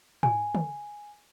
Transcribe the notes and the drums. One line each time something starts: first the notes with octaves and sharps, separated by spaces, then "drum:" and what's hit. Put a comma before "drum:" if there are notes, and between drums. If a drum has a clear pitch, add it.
G#5, drum: tom
drum: tom